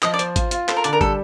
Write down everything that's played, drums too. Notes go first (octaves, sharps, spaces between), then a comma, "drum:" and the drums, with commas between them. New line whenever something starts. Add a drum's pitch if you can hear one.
F3 D#5, drum: clap
D5
C5, drum: hi-hat
F4, drum: kick G#1, hi-hat
F4, drum: hi-hat
A4 C5, drum: clap
A#4
D3 D5, drum: hi-hat
A#4
G3 A4, drum: kick G#1